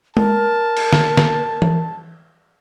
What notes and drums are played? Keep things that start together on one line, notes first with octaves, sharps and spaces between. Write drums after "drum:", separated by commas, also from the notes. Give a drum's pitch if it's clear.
A#4 A5, drum: tom G#3
drum: cymbal
drum: snare
drum: snare
drum: tom E3